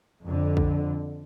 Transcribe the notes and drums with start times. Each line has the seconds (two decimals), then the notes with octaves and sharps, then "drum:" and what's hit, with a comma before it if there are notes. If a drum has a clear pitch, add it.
0.24 F2 D3
0.57 drum: kick A#1